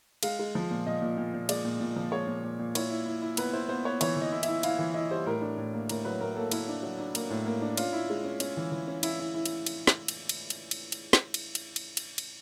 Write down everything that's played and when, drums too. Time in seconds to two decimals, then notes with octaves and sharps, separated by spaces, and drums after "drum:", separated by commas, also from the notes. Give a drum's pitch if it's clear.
0.23 G#3 F5, drum: cymbal
0.39 G#3
0.55 F3
0.71 A#2
0.87 A#2 D#5
1.02 A#2
1.18 A#2
1.34 A#2
1.49 G#3 D5, drum: cymbal
1.65 A#2
1.81 A#2
1.96 F3
2.12 G#3 C#5
2.28 A#2
2.44 A#2
2.59 A#2
2.75 E4 C#5, drum: cymbal
2.90 E4
3.06 E4
3.22 E4
3.37 B3 B4, drum: cymbal
3.53 E4 C5
3.69 B3 C5
3.85 B3 C#5
4.01 E3 C#5, drum: cymbal
4.17 E3 D#5
4.32 E4
4.43 E5, drum: cymbal
4.48 E4
4.63 E4 F5, drum: cymbal
4.79 E3
4.94 E4 D#5
5.11 G3 C5
5.26 A2 A#4
5.42 D4
5.57 A2
5.74 A#3
5.89 A2 A#4, drum: cymbal
6.05 F#3 B4
6.20 A2 A#4
6.36 A#3 A4
6.52 A#3 E4, drum: cymbal
6.68 D4
6.83 F#3
7.00 D4
7.15 A#3, drum: cymbal
7.30 A2
7.46 A#3
7.62 D4
7.77 C#4 F4, drum: cymbal
7.93 E4
8.10 G#3
8.24 C#4
8.40 C#4, drum: cymbal
8.57 E3
8.72 E3
8.88 C#4
9.03 E4, drum: cymbal
9.20 E4
9.34 E4
9.45 drum: cymbal
9.66 drum: cymbal
9.87 drum: snare
10.08 drum: cymbal
10.29 drum: cymbal
10.50 drum: cymbal
10.71 drum: cymbal
10.92 drum: cymbal
11.13 drum: snare
11.34 drum: cymbal
11.55 drum: cymbal
11.76 drum: cymbal
11.97 drum: cymbal
12.18 drum: cymbal